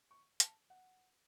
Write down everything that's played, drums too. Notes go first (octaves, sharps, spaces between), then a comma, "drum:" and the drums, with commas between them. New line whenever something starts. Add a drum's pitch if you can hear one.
C#6
A5, drum: hi-hat
F#5